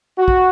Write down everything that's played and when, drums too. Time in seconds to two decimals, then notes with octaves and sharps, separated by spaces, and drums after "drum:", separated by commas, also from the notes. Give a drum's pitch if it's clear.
0.18 F#4
0.28 drum: kick